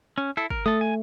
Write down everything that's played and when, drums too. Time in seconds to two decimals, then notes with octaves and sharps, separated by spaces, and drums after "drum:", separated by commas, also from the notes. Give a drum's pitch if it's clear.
0.18 C#4
0.37 E4 A4
0.50 A#4, drum: kick
0.66 A3 A4 D#6
0.81 G#5